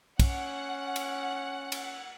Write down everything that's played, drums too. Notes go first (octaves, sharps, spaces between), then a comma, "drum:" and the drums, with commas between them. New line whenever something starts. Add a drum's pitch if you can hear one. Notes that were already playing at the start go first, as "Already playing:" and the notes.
C#4 F#5, drum: kick, cymbal
drum: cymbal
drum: cymbal